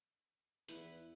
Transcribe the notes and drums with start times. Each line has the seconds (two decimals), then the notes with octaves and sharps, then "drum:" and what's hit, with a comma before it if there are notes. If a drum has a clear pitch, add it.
0.68 E2 E4 B4, drum: hi-hat